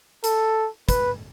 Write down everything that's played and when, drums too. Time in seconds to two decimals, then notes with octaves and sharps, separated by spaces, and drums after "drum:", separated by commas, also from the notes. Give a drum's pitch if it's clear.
0.24 A4, drum: hi-hat
0.89 B4, drum: kick, hi-hat